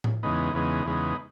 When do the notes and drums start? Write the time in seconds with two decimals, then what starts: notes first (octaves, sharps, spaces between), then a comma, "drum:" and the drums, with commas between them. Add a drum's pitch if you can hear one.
0.04 drum: tom A2
0.23 E2 C#3 G#3 B3 D#4
0.54 E2 C#3 G#3 B3 D#4
0.85 E2 C#3 G#3 B3 D#4